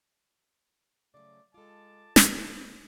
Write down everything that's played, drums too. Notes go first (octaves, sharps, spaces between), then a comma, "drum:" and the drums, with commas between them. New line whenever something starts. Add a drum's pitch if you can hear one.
C#3 F#3 A3 D5
G#3 F4 A4 A5 D6
F3 B4, drum: snare